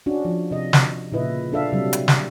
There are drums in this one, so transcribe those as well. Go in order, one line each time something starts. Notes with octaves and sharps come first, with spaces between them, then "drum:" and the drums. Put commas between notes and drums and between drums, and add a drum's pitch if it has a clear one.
C#4 D4 F#4
F3
C3 D#5
drum: snare
A#2 C#3 E4 B4 D#5
D4 A4 E5 F5
C3 F#3 G3
drum: hi-hat
drum: snare